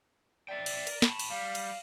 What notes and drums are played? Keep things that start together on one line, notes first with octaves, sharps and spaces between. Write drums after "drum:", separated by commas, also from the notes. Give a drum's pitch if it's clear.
D5 E5 G5
drum: cymbal
A#4, drum: cymbal
A5 B5, drum: snare
drum: cymbal
G3 F5
drum: cymbal